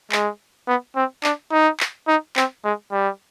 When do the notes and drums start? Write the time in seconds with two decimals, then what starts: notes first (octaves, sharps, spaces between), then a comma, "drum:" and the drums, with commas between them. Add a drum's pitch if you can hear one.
0.12 G#3, drum: clap
0.68 B3
0.96 C4
1.24 D4, drum: clap
1.52 D#4
1.80 drum: clap
2.08 D#4
2.36 C4, drum: clap
2.64 G#3
2.92 G3